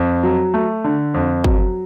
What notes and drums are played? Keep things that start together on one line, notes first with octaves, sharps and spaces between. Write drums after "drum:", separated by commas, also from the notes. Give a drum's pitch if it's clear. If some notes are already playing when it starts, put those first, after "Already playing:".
Already playing: F2
F#3
A3
D3
F2
F#3, drum: kick